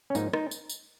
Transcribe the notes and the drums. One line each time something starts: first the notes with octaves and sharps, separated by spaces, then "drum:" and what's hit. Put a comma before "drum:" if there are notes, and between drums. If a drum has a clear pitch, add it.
C#4
G#2 F3 A#3 D#4, drum: tambourine
D#4, drum: rim click
drum: tambourine
drum: tambourine